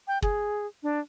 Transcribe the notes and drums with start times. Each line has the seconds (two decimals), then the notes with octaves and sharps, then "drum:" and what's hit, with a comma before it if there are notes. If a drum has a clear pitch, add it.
0.08 G5
0.22 G#4, drum: kick
0.83 D4